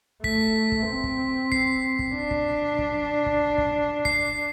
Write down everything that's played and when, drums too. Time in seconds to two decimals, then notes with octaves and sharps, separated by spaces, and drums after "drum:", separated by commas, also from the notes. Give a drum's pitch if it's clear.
0.24 A3 B6, drum: kick
0.72 drum: kick
0.88 C4
1.04 drum: kick
1.52 C7, drum: kick
1.99 drum: kick
2.15 D4
2.31 drum: kick
2.78 drum: kick
3.26 drum: kick
3.58 drum: kick
4.05 C7, drum: kick